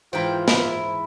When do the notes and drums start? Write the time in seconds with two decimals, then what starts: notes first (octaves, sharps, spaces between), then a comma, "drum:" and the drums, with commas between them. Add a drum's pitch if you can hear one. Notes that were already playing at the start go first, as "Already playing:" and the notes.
0.13 G#2 E3 F4 C5 G5 A#5
0.48 E4, drum: snare